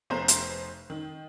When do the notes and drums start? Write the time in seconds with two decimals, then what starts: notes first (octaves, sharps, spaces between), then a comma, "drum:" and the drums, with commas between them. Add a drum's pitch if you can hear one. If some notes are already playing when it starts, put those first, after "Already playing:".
0.10 F1 B3 C5 A#5
0.28 drum: hi-hat
0.90 D#3